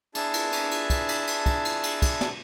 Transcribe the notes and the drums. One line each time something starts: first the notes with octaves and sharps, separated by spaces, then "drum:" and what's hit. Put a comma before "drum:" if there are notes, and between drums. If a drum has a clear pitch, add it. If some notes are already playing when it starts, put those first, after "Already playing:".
D4 E4 G#4 A5, drum: cymbal
drum: cymbal
drum: cymbal
drum: cymbal
drum: kick, cymbal
drum: cymbal
drum: cymbal
drum: kick, cymbal
drum: cymbal
drum: cymbal
drum: kick, cymbal
drum: snare